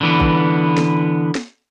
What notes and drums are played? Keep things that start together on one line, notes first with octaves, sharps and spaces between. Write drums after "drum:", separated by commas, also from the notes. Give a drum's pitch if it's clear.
D3 E3 B3
drum: kick
drum: snare
drum: snare